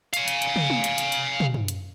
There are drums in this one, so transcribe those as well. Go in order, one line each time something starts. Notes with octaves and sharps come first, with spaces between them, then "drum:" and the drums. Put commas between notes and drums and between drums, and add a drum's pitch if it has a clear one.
F5 G#5, drum: hi-hat
drum: hi-hat
drum: hi-hat
drum: tom
drum: tom
drum: hi-hat
drum: hi-hat
drum: hi-hat
drum: tom
drum: tom
drum: hi-hat